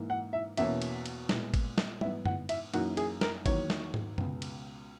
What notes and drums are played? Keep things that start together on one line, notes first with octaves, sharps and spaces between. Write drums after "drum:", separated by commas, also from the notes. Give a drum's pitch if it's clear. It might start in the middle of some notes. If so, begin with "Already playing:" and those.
Already playing: G#2 E3 A#3 D#4
F#5
E5
E2 B2 A#3 C#4 E5, drum: cymbal
drum: cymbal
drum: cymbal
A#2 G#3 B3, drum: snare
drum: kick G#1, cymbal
drum: snare
G#2 E3 B3 D#4 E5, drum: tom G3
F#5, drum: tom F#2
E5, drum: cymbal
F#2 E3 A#3 D#4 F#4, drum: cymbal
G#4, drum: cymbal
A#4, drum: snare
E2 D#3 F#3 A#3 C#5, drum: kick G#1, cymbal
drum: snare
drum: tom G#2
C#2 B2 G#3 B3, drum: tom F#2
drum: cymbal